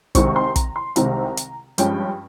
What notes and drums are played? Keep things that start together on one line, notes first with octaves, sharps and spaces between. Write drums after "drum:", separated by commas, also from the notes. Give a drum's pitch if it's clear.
C2 C3 D#3 G#3 C4 C#6, drum: kick, hi-hat
C6
A#5, drum: kick, hi-hat
C6
C2 C3 D#3 G#3 C4 A#5, drum: hi-hat
drum: hi-hat
G2 F3 G#3 C#4 G5, drum: hi-hat